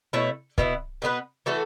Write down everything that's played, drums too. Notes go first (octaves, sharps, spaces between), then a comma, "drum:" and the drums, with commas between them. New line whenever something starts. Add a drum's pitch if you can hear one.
B2 A3 E4 C#5
B2 B3 E4 B4, drum: kick
B2 B3 E4 B4
E3 A3 F#4 A4